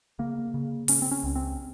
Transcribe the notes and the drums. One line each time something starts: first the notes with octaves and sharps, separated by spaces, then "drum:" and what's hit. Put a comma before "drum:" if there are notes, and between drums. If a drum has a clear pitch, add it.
C#3 A#3
C#3
C#3 C#4, drum: open hi-hat
C4
C#4
C#2
C4